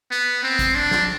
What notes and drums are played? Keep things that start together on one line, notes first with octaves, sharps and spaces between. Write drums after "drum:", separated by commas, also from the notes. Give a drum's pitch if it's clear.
B3
C4
drum: kick A1, hi-hat
D4
drum: snare